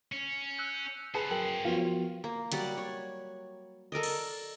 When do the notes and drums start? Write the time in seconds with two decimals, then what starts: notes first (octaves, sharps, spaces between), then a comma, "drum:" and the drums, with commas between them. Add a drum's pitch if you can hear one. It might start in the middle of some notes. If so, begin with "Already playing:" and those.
0.12 C#4
0.58 E6 F#6 G6
1.14 C#4 G#4 B4 C5 A5 C#7
1.31 F#3 A#4 G5 F#7
1.65 F3 B3 F4 F#4
2.24 A#3
2.52 F#3 G3 D5 F#5, drum: hi-hat
2.78 C#5
3.92 A4 A#4 D5 D#5
4.03 drum: cymbal